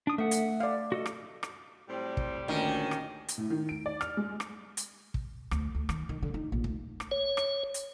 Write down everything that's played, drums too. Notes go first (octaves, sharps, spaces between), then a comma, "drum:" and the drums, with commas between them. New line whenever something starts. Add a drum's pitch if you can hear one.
D4 D#6
A3 E5 F#5
drum: hi-hat
D5 F5
F#4 A4 D#5
drum: rim click
drum: rim click
A2 F#3 G3 C4
drum: kick
D2 A#2 D#3 C#4
drum: rim click
drum: hi-hat
A2
D#3
D7
D5
F6, drum: rim click
G#3
drum: rim click
drum: hi-hat
drum: kick
D2, drum: rim click
D2
D#3, drum: rim click
D#3
D3
D#4
A#1
D2, drum: kick
drum: rim click
C#5
drum: rim click
drum: hi-hat